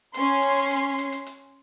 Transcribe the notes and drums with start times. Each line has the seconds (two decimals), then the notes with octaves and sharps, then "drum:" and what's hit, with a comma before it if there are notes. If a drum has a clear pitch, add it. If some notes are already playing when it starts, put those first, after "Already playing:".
0.14 C#4 C6, drum: hi-hat
0.42 drum: hi-hat
0.56 drum: hi-hat
0.70 drum: hi-hat
0.98 drum: hi-hat
1.13 drum: hi-hat
1.27 drum: hi-hat